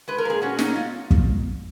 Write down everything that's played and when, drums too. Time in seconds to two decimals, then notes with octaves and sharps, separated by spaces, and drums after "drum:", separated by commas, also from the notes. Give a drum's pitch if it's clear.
0.08 G#3 B4
0.18 A#4
0.25 A#2 G#4
0.42 C#4 F#4
0.59 C#4 D#4, drum: snare
0.76 F4
1.11 drum: kick